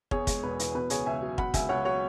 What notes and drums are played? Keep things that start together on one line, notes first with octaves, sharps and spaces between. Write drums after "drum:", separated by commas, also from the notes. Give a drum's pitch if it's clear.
E2 G#4 C#5, drum: kick
G#3, drum: kick, hi-hat
E1 B4
E3, drum: hi-hat
B2 B4
C#2 G#4 C#5, drum: hi-hat
C#2 E5 G#5
F#3
B2 F#5 B5, drum: kick
C#2 E5 G#5, drum: kick, hi-hat
C#2 C#5 F#5
F#3 C#5 F#5